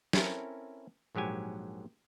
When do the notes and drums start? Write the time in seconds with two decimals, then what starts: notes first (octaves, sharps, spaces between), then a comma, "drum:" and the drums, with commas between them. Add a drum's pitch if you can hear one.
0.13 C4 C#4 E4 A4 A#4, drum: snare
1.15 A#1 G#2 F#3 G4 G#5